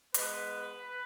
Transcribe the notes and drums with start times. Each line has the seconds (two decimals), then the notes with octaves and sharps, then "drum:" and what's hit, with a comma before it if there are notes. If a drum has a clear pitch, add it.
0.14 G#2 G#3 B3 B4, drum: hi-hat